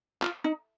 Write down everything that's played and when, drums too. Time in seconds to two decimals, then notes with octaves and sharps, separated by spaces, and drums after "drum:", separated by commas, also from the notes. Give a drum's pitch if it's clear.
0.22 F4, drum: clap
0.44 D#4